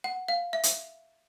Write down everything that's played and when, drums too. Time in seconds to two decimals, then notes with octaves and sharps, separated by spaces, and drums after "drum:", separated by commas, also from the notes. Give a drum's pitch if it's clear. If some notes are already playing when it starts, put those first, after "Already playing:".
0.04 F#5
0.28 F5
0.53 E5
0.63 drum: hi-hat